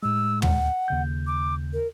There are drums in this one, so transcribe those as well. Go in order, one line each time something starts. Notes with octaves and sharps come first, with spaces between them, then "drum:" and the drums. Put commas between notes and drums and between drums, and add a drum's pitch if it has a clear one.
A2 G#3 E6
F#5, drum: tom
D#2 C#3 G6
D6
A#4